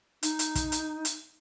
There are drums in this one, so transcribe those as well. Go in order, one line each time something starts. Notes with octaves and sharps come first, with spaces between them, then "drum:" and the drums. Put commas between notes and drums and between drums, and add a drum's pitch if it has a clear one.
D#4, drum: hi-hat
drum: hi-hat
drum: kick, hi-hat
drum: hi-hat
drum: hi-hat